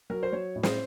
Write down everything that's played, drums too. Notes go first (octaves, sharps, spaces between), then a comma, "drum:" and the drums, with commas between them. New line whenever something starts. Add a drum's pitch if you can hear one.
F#3 A#4
C5
F#3 C#5
A2
C5, drum: snare